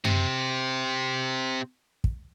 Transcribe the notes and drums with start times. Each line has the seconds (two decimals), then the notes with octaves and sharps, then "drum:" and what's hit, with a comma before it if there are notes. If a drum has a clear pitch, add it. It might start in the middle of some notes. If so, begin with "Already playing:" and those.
0.05 C3 C4, drum: tom F#2
2.04 drum: kick